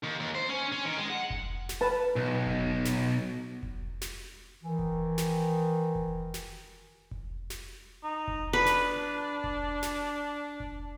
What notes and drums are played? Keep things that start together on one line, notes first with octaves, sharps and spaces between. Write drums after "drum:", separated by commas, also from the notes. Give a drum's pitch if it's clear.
D#2
D#2
C5
C#4
C#4
D#3
G#3
F#5
drum: kick F1
drum: snare
B4 A5
B1
drum: kick F1
drum: snare
drum: kick F1
drum: snare
D#3 E3
drum: kick F1
drum: snare
drum: kick F1
drum: snare
drum: kick F1
drum: snare
D#4
drum: kick F1
D4 B4
drum: snare
drum: kick F1
drum: snare
drum: kick F1